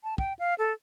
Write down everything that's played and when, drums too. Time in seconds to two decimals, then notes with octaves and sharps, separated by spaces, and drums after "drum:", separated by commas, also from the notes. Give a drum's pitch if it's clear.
0.04 A5
0.18 G5, drum: kick
0.39 F5
0.58 A4